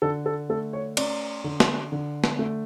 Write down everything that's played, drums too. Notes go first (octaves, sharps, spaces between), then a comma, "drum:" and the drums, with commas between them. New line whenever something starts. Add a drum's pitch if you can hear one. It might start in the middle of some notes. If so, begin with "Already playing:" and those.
D3 A4
A4
A3 A4
C#5
C#4 D5, drum: cymbal
D3
drum: snare
D3
drum: snare
A3